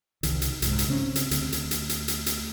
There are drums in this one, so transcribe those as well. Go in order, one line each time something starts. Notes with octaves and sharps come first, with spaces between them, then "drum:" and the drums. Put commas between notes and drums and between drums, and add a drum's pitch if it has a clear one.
C2 D#3, drum: hi-hat
drum: hi-hat
C2 G#2, drum: hi-hat
drum: hi-hat
C#3 C4 C#4
drum: hi-hat
D2, drum: hi-hat
drum: hi-hat
drum: hi-hat
drum: hi-hat
drum: hi-hat
drum: hi-hat